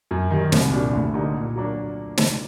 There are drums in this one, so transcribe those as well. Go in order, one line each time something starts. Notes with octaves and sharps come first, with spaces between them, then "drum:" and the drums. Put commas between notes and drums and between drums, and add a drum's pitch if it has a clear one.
F#2
D#3 G3
C2, drum: snare
A#2 G3 D4 F#4
D2
D3 G3 A#3 D#4
A#2
F#3 A#3 D4
drum: snare